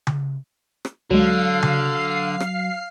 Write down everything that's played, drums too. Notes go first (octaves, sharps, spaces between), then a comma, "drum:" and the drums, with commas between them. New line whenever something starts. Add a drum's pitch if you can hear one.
drum: tom C#3
drum: rim click
C#2 D3 F#3 G#3 F5 C7
drum: tom C#3
drum: rim click